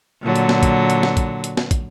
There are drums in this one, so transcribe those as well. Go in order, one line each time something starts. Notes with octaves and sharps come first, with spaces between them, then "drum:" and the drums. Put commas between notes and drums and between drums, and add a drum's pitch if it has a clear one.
A#2 D3 F#3
drum: hi-hat
drum: snare
drum: kick, hi-hat
drum: hi-hat
drum: snare
drum: kick, hi-hat
drum: hi-hat
drum: snare
drum: kick, hi-hat